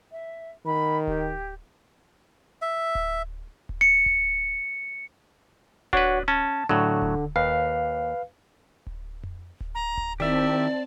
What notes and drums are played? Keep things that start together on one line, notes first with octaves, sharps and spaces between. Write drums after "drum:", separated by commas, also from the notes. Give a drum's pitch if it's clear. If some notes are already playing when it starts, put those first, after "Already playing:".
E5
D#3 B5
G4, drum: kick D1
E5
drum: kick D1
drum: kick D1
C#7
drum: kick D1
D4 F#4 B4 C#5, drum: kick D1
C#4 A5
A2 D3 F#3
drum: kick D1
D#2 B4 F5
drum: kick D1
drum: tom F2
drum: kick D1
A#5
drum: kick D1
D#3 C4 E4 G4 D5 E5 A5